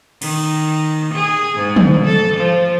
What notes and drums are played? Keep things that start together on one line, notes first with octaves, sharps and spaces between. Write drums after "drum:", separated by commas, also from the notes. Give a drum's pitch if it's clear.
D#3, drum: cymbal
G#4
G#2
drum: tom
A4
F3